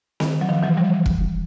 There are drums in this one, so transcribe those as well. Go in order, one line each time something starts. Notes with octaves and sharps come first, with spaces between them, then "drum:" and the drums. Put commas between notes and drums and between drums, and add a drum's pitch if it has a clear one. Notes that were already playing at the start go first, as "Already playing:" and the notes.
D#3, drum: snare C4
F#3
D#3 F3
E3 F#3
F3 G3
drum: kick